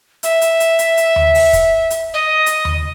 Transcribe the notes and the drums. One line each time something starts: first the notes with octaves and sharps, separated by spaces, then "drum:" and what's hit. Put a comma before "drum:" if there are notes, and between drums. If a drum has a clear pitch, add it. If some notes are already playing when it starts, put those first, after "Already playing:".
E5, drum: hi-hat
drum: hi-hat
drum: hi-hat
drum: hi-hat
drum: hi-hat
drum: tom D#2
drum: open hi-hat
drum: kick, hi-hat
drum: hi-hat
D#5
drum: hi-hat
drum: tom D#2